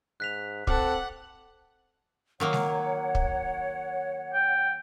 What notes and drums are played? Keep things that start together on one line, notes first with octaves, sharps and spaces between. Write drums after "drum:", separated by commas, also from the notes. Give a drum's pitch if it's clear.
G#2 F#6 B6 F7
C4 A4 F#5 D6, drum: kick
D#3 F#3 A#3 C#5 F#5
drum: snare
drum: kick
G5